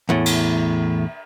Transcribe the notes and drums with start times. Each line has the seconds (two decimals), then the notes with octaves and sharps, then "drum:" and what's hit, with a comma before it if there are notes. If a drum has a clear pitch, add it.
0.09 E2 A2
0.26 drum: cymbal